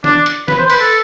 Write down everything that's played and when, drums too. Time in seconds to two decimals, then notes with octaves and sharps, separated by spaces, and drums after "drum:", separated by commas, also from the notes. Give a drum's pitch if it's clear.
0.04 D4, drum: snare
0.26 drum: hi-hat
0.48 B4, drum: snare
0.58 C5
0.70 B4, drum: open hi-hat
0.80 A4